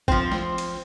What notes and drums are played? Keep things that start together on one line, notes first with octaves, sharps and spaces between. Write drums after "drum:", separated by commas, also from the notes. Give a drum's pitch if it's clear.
F3 C4, drum: kick G#1
drum: snare
drum: cymbal